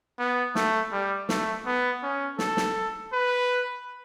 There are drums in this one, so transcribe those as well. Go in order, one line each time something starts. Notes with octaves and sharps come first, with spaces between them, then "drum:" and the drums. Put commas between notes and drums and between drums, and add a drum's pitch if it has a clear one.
B3
A3, drum: snare
G3
A3, drum: snare
B3
C#4
A4, drum: snare
drum: snare
B4